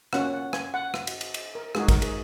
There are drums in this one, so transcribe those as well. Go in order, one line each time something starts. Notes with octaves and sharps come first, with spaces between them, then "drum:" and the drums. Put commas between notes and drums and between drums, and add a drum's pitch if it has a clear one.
A#3 C#4 F#4 F#5, drum: rim click
F#5
G#5, drum: rim click
F#5
drum: rim click
drum: cymbal
drum: cymbal
drum: cymbal
A#4
G#3 D#4 F#4 G#4, drum: rim click
A#4, drum: kick, cymbal
G#4, drum: cymbal